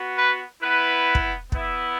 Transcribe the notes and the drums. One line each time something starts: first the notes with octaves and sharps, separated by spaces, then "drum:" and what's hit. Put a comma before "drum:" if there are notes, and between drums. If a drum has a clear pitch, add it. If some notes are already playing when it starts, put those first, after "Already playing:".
Already playing: B3 F#4
B4
B3 E4 B4
drum: kick
B3 E4, drum: kick